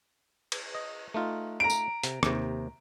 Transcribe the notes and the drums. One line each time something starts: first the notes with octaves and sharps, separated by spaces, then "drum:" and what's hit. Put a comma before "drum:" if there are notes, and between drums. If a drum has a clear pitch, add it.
drum: cymbal
D#5
A3 D#4 F4
A#5 D7
drum: tambourine
C3, drum: hi-hat
D#2 C3, drum: rim click